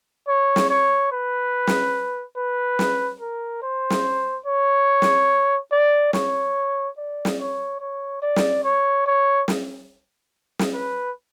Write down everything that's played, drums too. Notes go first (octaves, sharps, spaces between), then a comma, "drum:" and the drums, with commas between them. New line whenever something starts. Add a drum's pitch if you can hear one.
C#5
drum: snare
C#5
B4
drum: snare
B4
drum: snare
A#4
C5
drum: snare
C#5
drum: snare
D5
C#5, drum: snare
D5
drum: snare
C#5
C#5
D5
drum: snare
C#5
C#5
drum: snare
drum: snare
B4